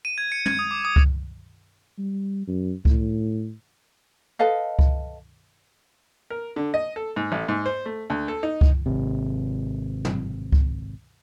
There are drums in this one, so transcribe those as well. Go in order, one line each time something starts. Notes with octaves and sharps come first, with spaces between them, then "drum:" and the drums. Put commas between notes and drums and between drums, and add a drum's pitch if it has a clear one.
D#7
G#6
C#7
G#6, drum: tom
D#6
D6
D#6
drum: kick C#2
G3
F#2
A2, drum: kick C#2
A4 B4 D#5 F5
drum: kick C#2
A#4
D3
D#5
A4
G#2
A1
G#2
C5
A3
D2
A4
D#4
drum: kick C#2
G#1 C3
drum: tom
drum: kick C#2